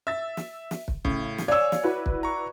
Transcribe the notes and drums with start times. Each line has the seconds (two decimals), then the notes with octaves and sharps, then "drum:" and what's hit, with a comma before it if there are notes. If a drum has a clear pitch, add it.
0.07 E5 E6 A6
0.37 drum: snare
0.71 drum: snare
0.88 drum: kick
1.05 A2 C#3, drum: kick
1.38 drum: snare
1.48 C#5 D5 F5 G#5 E6 G#6
1.72 drum: snare
1.84 E4 F#4 B4
2.06 drum: kick
2.23 A#5 C#6